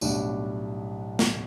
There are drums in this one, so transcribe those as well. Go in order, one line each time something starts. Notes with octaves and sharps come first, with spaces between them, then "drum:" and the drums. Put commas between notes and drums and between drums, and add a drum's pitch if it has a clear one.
B1 A2 G3 D4, drum: tambourine
drum: snare